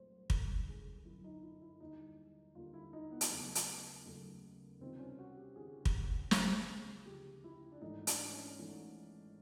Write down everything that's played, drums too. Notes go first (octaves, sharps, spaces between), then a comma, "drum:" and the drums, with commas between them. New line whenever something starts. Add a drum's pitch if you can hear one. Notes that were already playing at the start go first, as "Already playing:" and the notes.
Already playing: C2 A#2 F#3 A3 C5
G1 F#2 D3 A4, drum: kick
G#4
G1 F#2 D3 E4
D#4
E4
E4
D#2 D3 G3 D#4
D#2 D3 G3 F4
E4
D#4
B3
drum: hi-hat
D#2 C#3 F#3 A3 B3
drum: hi-hat
D#2 C#3 F#3 A3
C#2 C3 D#3 G3 C4
C#4
F#4
G4
C#2 C3 D#3 G3 G#4
drum: kick
D2 C#3 F3 G#3, drum: snare
D2 C#3 F3 G#3 G4
E4
D4
G#1 G#2 E3 A3 D#4
D4, drum: hi-hat
C#4
G#1 G#2 E3 A3